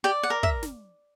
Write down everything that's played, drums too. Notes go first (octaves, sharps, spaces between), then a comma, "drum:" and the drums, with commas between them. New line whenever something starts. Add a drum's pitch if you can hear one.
G4 D5 G5
F#5
A#4
E5, drum: kick
drum: snare